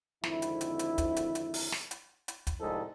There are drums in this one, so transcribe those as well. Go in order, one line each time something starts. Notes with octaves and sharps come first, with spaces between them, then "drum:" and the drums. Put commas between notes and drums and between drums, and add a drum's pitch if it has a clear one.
G#1 F2 D3 E4, drum: snare
drum: hi-hat
drum: hi-hat
drum: hi-hat
drum: kick, hi-hat
drum: hi-hat
drum: hi-hat
drum: open hi-hat
drum: snare
drum: hi-hat
drum: hi-hat
drum: kick, hi-hat
C2 F2 A2 G#3 D#4 A4